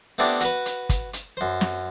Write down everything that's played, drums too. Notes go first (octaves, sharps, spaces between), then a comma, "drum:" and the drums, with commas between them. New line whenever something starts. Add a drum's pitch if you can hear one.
A3 B3 C4 D4 E4 G4
F#4 B4, drum: hi-hat
drum: hi-hat
drum: kick, hi-hat
drum: hi-hat
F#2 C5
drum: snare